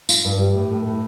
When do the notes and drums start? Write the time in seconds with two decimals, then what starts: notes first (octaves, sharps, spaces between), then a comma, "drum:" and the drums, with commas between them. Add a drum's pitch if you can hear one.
0.09 F4, drum: tambourine
0.25 G2
0.39 G3
0.55 A2
0.71 A2
0.85 A2